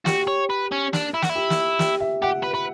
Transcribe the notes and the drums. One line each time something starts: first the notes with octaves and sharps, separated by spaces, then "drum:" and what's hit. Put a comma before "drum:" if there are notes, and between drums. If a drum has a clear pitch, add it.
F#4 G4, drum: snare
C#5
B4
C#4
D4, drum: snare
E4
F#4, drum: snare
E4
G4
drum: snare
G4, drum: snare
E5
G4 F#5
B4
B4